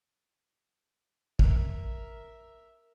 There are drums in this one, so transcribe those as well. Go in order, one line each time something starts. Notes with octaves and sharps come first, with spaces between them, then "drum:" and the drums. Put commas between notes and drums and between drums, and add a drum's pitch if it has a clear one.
A#4 E5, drum: kick